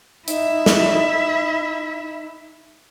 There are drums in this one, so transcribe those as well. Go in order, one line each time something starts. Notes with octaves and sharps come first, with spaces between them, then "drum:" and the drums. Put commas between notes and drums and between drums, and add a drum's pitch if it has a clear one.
D#4 E4 E5, drum: hi-hat
drum: snare